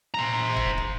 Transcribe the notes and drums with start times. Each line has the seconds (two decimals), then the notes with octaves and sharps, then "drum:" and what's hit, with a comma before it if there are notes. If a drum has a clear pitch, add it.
0.14 C5 A#5
0.57 drum: kick
0.78 drum: kick